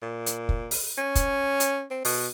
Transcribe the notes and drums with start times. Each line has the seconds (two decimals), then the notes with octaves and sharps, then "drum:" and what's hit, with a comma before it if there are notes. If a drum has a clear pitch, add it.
0.02 A#2
0.26 drum: hi-hat
0.49 drum: kick
0.71 drum: open hi-hat
0.98 C#4
1.16 drum: kick, hi-hat
1.60 drum: hi-hat
1.91 C4
2.05 B2, drum: open hi-hat